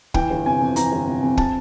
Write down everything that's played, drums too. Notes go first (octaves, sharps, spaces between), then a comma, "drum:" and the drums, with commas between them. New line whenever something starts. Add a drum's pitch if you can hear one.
E3 G5, drum: kick
G1
C3 G#5
F2
E3 A#5, drum: hi-hat
G1
C3
F2
A5, drum: kick